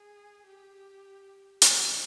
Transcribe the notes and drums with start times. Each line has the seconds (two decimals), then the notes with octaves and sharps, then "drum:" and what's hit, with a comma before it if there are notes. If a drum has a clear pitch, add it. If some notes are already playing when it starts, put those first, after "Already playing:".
Already playing: G#4
0.46 G4
1.62 drum: hi-hat